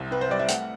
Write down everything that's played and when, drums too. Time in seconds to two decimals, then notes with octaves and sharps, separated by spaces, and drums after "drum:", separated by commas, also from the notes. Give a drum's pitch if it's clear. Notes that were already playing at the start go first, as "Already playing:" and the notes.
Already playing: C2 C3
0.11 C4 B4
0.21 C5
0.30 G3 D5
0.39 E5
0.48 A3 F#5, drum: hi-hat